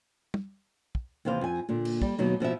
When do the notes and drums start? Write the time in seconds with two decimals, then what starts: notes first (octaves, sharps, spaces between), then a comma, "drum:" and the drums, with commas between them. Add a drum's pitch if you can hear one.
0.34 drum: tom
0.95 drum: kick
1.25 D#2 C3 E3 C5 F5
1.41 F2 G#5
1.69 A#2 D3
1.85 drum: cymbal
2.02 G3, drum: kick
2.18 D#2 B2 F#3 D#4
2.40 B2 F3 E4 E5